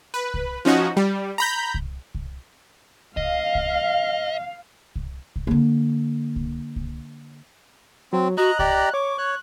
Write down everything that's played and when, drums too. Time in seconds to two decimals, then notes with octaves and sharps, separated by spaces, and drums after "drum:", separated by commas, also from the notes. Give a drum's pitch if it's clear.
0.14 B4
0.34 drum: kick C2
0.65 F3 C#4 D#4 F#4
0.97 G3
1.38 A#5 B5 G6
1.74 drum: kick C2
2.15 drum: kick C2
3.17 D#5 F5, drum: kick C2
3.55 drum: kick C2
4.96 drum: kick C2
5.36 drum: kick C2
5.47 D3 A#3
6.36 drum: kick C2
6.76 drum: kick C2
8.13 F#3 C4
8.38 F#4 D#5 A#5 F#6
8.59 G4 D5 D#5 A#5, drum: kick C2
8.94 C#5 C#6 D6
9.18 C#5 F#6